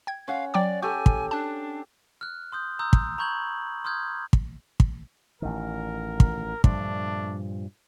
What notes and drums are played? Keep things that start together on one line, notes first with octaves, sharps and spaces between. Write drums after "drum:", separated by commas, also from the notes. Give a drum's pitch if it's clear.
G5 G#6
C#4 F5 F#5
F#3 D5 G5 D6
G4 A4 G#5 C#6
drum: kick
D4 A5 F#6
F6 F#6
C6 D#6 G6
A#5 C6 D#6 E6 G6
drum: kick
A#5 B5 C#6 G6 G#6 F#7
C6 D#6 F6 G6 G#6
drum: kick
drum: kick
A1 D#3 A#4
drum: kick
G2 A#2 F3 A3 D4, drum: kick